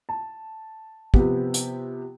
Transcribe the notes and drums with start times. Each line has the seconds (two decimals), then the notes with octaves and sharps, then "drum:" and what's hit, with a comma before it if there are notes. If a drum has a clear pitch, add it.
0.09 A5
1.14 C3 F3 B3 G4, drum: kick
1.54 drum: hi-hat